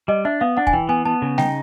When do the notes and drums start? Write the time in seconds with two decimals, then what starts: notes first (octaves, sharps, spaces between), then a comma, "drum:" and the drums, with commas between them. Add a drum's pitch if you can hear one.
0.08 G3 D#5
0.25 D4 E5
0.41 B3 F5
0.57 D4 F#5
0.67 G#5, drum: kick
0.73 E3 G5
0.89 B3 G#5
1.05 B3 A5
1.22 C#3
1.38 D#4 G5, drum: snare G3